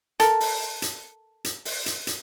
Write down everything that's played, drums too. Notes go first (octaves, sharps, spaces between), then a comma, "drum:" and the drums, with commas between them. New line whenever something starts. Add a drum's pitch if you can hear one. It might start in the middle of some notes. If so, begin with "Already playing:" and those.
A4 A#4, drum: hi-hat
drum: open hi-hat
drum: hi-hat
drum: hi-hat
drum: open hi-hat
drum: hi-hat
drum: hi-hat